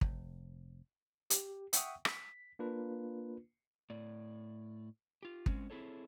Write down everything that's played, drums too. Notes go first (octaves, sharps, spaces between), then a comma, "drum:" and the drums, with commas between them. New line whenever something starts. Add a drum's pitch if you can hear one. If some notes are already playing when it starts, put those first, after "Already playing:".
F1, drum: kick
G4, drum: hi-hat
E5 F#5 G5 C#6 D#6, drum: hi-hat
B6, drum: rim click
A#3 D4 F4 B4
A2 D5
F4 G4
G#3 C4 C#4, drum: kick
C4 E4 G#4 A4 C#5